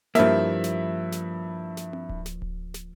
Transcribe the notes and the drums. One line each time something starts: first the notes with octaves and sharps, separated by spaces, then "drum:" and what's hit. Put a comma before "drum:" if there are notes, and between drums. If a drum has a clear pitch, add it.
G2 F3 A#3 E4 E5, drum: snare
drum: snare
drum: snare
drum: snare
drum: tom C4
drum: kick D1
drum: snare
drum: kick D1
drum: snare